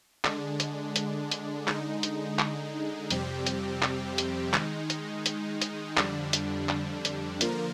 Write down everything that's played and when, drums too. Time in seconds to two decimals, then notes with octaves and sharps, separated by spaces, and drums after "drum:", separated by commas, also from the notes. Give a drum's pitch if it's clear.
0.24 D3 G#3 D4, drum: clap
0.60 drum: hi-hat
0.96 drum: hi-hat
1.31 drum: hi-hat
1.68 D3 G#3 D#4, drum: clap
2.03 drum: hi-hat
2.39 drum: clap
3.10 F2 C3 G3 C4 G4, drum: hi-hat
3.47 drum: hi-hat
3.82 drum: clap
4.18 drum: hi-hat
4.54 D#3 G#3 D#4, drum: clap
4.90 drum: hi-hat
5.26 drum: hi-hat
5.62 drum: hi-hat
5.97 F2 D3 G3 D4, drum: clap
6.33 drum: hi-hat
6.69 drum: clap
7.05 drum: hi-hat
7.41 D3 F3 A#3 F4 A#4, drum: hi-hat